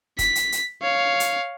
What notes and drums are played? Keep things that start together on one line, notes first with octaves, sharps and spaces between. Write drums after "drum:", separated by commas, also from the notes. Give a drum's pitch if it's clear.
B6, drum: kick, hi-hat
drum: hi-hat
drum: hi-hat
C#5 F5
drum: hi-hat